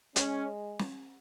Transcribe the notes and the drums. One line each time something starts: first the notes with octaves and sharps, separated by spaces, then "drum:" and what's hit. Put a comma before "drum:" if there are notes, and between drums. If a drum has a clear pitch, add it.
G#3 C#4, drum: hi-hat
drum: snare